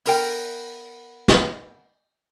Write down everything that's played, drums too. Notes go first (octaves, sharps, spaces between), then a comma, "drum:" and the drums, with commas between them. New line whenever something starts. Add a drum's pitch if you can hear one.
B3 A#4 G5, drum: open hi-hat
drum: snare